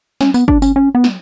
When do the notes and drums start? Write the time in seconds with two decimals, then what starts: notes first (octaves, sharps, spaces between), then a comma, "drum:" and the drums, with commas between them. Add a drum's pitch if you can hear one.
0.21 C#4, drum: snare
0.34 B3, drum: tambourine
0.48 D4, drum: kick G1
0.62 C#4, drum: tambourine
0.76 C#4
0.95 B3
1.04 drum: snare